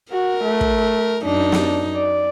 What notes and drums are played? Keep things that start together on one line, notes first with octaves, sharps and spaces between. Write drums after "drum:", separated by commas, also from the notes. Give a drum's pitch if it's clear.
F#4 A#4
A3
drum: kick
F#2 D4 D#4
drum: snare
D5